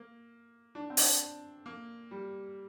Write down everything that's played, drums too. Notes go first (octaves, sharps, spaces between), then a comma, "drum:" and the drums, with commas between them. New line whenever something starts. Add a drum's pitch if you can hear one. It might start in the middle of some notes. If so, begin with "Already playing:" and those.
Already playing: A#3
D4
C4
D4, drum: open hi-hat
A#3
G3